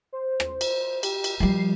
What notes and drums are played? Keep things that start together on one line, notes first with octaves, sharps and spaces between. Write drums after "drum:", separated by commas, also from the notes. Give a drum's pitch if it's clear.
C5
drum: rim click
drum: cymbal
G4, drum: cymbal
drum: cymbal
F3 G3 C7